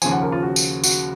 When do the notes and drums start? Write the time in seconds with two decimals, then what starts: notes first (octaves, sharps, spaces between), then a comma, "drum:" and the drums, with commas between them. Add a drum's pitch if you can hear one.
0.02 D#2 C#3 F3 G#5, drum: tambourine
0.12 F#5
0.22 A#4
0.32 F4
0.43 F#4
0.56 drum: tambourine
0.84 F#4, drum: tambourine